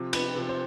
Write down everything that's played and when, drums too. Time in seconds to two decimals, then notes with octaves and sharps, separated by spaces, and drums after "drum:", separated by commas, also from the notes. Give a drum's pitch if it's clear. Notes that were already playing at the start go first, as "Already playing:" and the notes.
Already playing: C3 F3
0.13 B4, drum: cymbal
0.35 C3 F3
0.49 C5